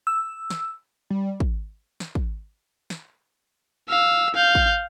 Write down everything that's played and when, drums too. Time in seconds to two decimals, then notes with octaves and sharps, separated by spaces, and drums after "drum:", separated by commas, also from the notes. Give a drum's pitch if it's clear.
0.07 E6
0.50 drum: snare
1.10 G3
1.40 drum: kick
2.00 drum: snare
2.15 drum: kick
2.90 drum: snare
3.89 F5 E6
4.35 F5 G6
4.55 drum: kick